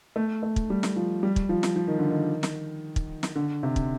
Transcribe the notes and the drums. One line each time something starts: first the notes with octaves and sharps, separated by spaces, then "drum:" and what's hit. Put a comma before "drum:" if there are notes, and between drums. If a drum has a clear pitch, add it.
A3
A3
drum: kick
G3
drum: snare
F3
G3
drum: kick
F3
drum: snare
F3
D#3
D3
D#3
drum: snare
drum: kick
drum: snare
D3
C3
drum: kick